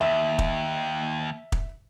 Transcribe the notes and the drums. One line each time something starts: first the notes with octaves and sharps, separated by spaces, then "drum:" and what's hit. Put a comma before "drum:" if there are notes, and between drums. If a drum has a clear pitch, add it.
D#2 E5
drum: kick
drum: kick